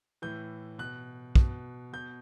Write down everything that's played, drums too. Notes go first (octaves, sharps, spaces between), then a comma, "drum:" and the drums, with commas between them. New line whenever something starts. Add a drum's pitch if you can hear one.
A2 E3 G6
B2 F#6
B2, drum: kick
B2 G6